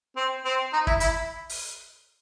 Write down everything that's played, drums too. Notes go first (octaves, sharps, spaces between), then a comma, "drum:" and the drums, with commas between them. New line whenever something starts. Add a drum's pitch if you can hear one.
C4
C4
D#4
E4, drum: kick
E4, drum: hi-hat
drum: open hi-hat